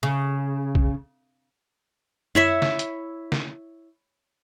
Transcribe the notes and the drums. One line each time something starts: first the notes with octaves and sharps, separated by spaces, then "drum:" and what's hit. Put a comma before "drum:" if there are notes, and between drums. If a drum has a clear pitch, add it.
C#3
drum: kick B1
E4 C#5 E5, drum: tom F#2
drum: snare
drum: hi-hat
drum: snare